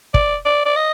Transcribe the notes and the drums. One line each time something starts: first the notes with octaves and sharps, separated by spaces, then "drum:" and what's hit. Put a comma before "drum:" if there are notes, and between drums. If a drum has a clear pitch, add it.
D5, drum: kick
D5
D5
D#5